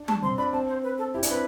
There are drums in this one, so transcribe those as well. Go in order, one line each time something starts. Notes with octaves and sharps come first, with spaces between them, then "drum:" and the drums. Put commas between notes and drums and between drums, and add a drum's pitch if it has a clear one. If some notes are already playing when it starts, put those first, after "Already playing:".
Already playing: D4
A5, drum: tom
C4 C6
D4 B5
C4 A5
C5
B4
A4
E4 G4
D4, drum: hi-hat
C4 B4